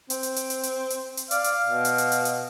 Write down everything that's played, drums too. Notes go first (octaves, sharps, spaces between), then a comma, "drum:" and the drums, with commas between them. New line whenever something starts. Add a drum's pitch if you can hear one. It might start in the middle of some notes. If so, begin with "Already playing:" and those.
C4, drum: hi-hat
drum: hi-hat
drum: hi-hat
drum: hi-hat
drum: hi-hat
drum: hi-hat
drum: hi-hat
D5 F5, drum: hi-hat
drum: hi-hat
B2
drum: hi-hat
drum: hi-hat
drum: hi-hat
drum: hi-hat